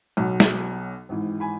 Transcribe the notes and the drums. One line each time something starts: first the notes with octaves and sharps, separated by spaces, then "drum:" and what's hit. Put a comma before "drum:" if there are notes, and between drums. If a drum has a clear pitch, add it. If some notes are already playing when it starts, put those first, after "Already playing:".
B1 B2 F#3
drum: snare
G#1 G#2 E3
G#5 B5